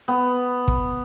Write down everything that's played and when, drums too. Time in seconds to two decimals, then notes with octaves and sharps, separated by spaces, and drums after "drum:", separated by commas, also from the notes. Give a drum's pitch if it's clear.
0.08 B3
0.68 drum: kick